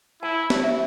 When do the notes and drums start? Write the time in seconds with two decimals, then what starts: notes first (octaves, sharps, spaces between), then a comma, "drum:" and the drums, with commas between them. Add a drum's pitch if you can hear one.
0.22 E4 A5
0.50 drum: snare
0.64 E5